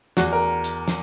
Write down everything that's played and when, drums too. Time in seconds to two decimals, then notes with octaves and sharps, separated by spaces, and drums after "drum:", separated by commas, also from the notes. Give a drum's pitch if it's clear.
0.17 E2 F#4, drum: snare
0.33 A#4
0.64 drum: hi-hat
0.88 drum: snare